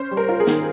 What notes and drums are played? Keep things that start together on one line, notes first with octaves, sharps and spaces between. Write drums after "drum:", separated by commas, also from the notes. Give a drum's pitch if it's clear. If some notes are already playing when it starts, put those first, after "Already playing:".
Already playing: C#4 C5
G3
A#4
F4
G#4
D#3, drum: snare